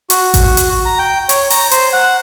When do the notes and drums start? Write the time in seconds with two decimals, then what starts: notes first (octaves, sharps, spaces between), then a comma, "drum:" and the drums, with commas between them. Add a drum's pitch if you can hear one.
0.10 F#4, drum: hi-hat
0.34 drum: kick A1, hi-hat
0.57 drum: hi-hat
0.85 A#5
0.99 G5
1.29 C#5, drum: hi-hat
1.50 A#5, drum: open hi-hat
1.71 C5, drum: hi-hat
1.93 F#5